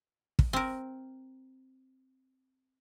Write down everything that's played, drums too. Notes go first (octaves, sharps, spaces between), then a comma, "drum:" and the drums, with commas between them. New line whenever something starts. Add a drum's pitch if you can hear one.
drum: kick
C4 A#4